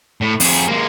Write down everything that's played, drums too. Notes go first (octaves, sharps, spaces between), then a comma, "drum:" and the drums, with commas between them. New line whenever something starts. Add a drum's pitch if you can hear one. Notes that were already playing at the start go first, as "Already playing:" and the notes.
A2
F2 G#4, drum: open hi-hat
G#3 A#3